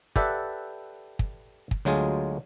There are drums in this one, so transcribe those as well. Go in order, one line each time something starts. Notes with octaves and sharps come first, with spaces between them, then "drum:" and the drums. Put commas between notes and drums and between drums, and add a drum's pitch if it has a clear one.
G4 A4 B4 D5 E5 F#5, drum: kick
drum: kick
drum: kick
D2 F#3 G#3 F4 G#4